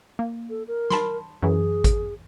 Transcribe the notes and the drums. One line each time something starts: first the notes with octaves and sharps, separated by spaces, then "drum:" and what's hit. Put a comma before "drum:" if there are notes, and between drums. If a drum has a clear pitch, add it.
A#3
A4
A#4
A5 B5 C6, drum: snare
F#2 E3 G#4
drum: kick G#1, hi-hat